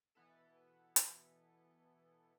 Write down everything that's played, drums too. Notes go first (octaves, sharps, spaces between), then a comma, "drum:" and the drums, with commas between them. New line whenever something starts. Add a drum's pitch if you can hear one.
B2 E3 B3 E4 A4
drum: hi-hat